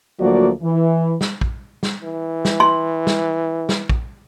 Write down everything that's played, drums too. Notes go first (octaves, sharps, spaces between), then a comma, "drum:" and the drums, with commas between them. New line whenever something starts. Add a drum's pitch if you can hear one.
D2 F3 F#3 A#3 F#4 D5
E3
drum: snare
drum: kick
drum: snare
E3
drum: snare
C6
drum: snare
drum: snare
drum: kick